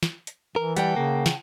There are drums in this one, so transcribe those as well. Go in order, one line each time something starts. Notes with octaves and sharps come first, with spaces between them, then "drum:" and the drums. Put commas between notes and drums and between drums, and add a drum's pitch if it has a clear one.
drum: snare
drum: hi-hat
E3 A#4
G3 F#5 G5 A5, drum: hi-hat
C#3 A#3
drum: snare